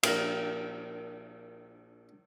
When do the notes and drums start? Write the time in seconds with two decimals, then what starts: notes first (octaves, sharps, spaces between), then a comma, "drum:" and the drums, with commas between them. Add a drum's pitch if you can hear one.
0.03 A#1 A#4, drum: cymbal